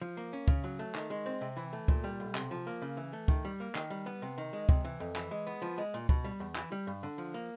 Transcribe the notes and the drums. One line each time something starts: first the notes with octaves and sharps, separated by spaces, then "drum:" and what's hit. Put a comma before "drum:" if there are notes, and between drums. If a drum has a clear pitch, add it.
F3
A#3
C#4
C#3, drum: kick C#2
F#3
A3
D#3, drum: clap
G#3
C4
C3
E3
A3
A#2, drum: kick C#2
G3
B1
C3, drum: clap
F3
A#3
C#3
E3
A3
D#3, drum: kick C#2
G3
A#3
D#3, drum: clap
G3
B3
C3
D#3
G#3
C3, drum: kick C#2
E3
F2
E3, drum: clap
G#3
B3
F3
G#3
A#2
B2, drum: kick C#2
G3
E2
E3, drum: clap
G3
G2
D3
F3
A#3